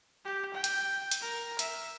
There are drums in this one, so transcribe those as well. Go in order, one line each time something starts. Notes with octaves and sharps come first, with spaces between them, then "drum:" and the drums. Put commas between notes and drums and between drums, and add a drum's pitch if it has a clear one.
G4
G5
drum: hi-hat
drum: hi-hat
A#4
E5, drum: hi-hat